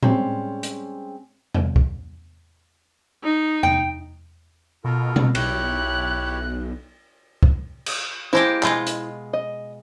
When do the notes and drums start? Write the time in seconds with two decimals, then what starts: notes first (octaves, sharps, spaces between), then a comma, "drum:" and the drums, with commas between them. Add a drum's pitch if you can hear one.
0.03 G3 G#3 C4 C#4, drum: tom A2
0.63 drum: hi-hat
1.54 drum: tom E2
1.76 drum: kick
3.24 D#4
3.63 G5, drum: tom E2
4.84 B2 F4 A4 A#4
5.16 drum: tom B2
5.35 B1 E4 G4 C#5 F#6, drum: cymbal
7.43 drum: kick
7.86 drum: cymbal
8.33 G#3 A#3 E4 G4 C5 A5
8.63 B2 G#3 F4, drum: clap
8.87 drum: hi-hat
9.33 D#5